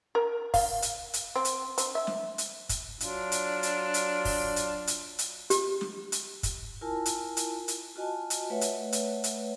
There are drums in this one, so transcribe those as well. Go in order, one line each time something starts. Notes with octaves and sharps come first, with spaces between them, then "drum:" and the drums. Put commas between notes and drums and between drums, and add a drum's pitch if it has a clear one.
A#4
F5, drum: kick, open hi-hat
drum: hi-hat
drum: hi-hat
C4
drum: hi-hat
C4, drum: hi-hat
E5
drum: snare
drum: hi-hat
drum: kick, hi-hat
F#3 D4 F4, drum: hi-hat
drum: hi-hat
drum: hi-hat
drum: hi-hat
drum: kick, open hi-hat
drum: hi-hat
drum: hi-hat
drum: hi-hat
G4, drum: hi-hat
drum: snare
drum: hi-hat
drum: kick, hi-hat
E4 F4 A#4 G#5 A5
drum: hi-hat
drum: hi-hat
drum: hi-hat
F4 F#4 D#5 G#5 A5
drum: hi-hat
A3 B4 C#5 E5 F#5
drum: hi-hat
drum: hi-hat
drum: hi-hat